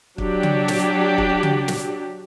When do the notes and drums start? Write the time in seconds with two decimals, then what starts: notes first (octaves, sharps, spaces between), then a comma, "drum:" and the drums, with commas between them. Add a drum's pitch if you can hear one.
0.18 F#3 D4 G4, drum: kick
0.43 drum: tom C#3
0.68 drum: snare
1.18 drum: kick
1.43 drum: tom C#3
1.68 drum: snare